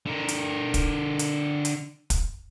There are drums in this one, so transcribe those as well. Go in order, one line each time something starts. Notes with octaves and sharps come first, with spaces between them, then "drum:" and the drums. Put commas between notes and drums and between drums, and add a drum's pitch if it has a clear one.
D3 A#4
drum: hi-hat
drum: kick, hi-hat
drum: hi-hat
drum: hi-hat
drum: kick, hi-hat